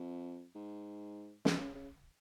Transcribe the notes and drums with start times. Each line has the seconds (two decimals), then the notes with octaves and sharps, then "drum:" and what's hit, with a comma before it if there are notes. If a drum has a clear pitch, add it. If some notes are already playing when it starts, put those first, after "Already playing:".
Already playing: F2
0.55 G#2
1.45 B2, drum: snare
1.60 C#3
1.74 C#3